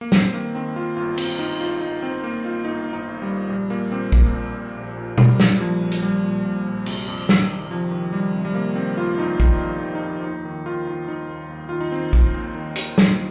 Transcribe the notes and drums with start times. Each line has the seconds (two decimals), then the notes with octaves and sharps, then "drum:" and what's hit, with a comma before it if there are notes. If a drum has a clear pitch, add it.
0.01 A#3
0.12 G2 C4, drum: snare
0.33 D#3 A#3
0.55 D#3 C4
0.76 D#3 F4
0.96 G1 F4
1.18 G1 C4, drum: cymbal
1.39 G1 D#4
1.60 G1 F4
1.81 G1 D#4
2.02 G1 C4
2.22 G1 A#3
2.45 G1 F4
2.65 G1 D#4
2.86 G1
2.93 D#4
3.07 G1
3.22 G3
3.28 G1
3.49 A#1 G3
3.70 A#2 A#3
3.92 A#2 C4
4.12 A#1 A#3, drum: kick A#1
4.33 A#1
4.55 A#1
4.76 A#1
4.97 A#2
5.18 A#2 G3, drum: tom B2
5.40 A#1, drum: snare
5.56 G3
5.60 A#1 F3
5.81 A#1
5.92 drum: hi-hat
6.02 A#1 G3
6.24 A#2
6.45 A#2
6.66 A#1
6.86 C3, drum: cymbal
7.08 F2
7.29 D#3, drum: snare
7.50 F2
7.70 C3 F3
7.91 D#3
8.13 D#3 G3
8.34 C3
8.45 G3
8.54 C3 A#3
8.75 D#3 C4
8.96 G1 F4
9.18 F2 D#4
9.40 D#3 D#4, drum: kick A#1
9.61 F2
9.81 D#3
9.95 D#4
10.03 F2
10.24 D#2 D#4
10.45 D#3
10.66 D#3 F4
10.87 D#3
11.08 D#3 D#4
11.29 D#2
11.49 D#2
11.69 D#3 F4
11.81 D#4
11.92 D#3 C4
12.13 D#2, drum: kick A#1
12.34 D#2
12.55 D#3
12.76 D#3, drum: hi-hat
12.98 D#2, drum: snare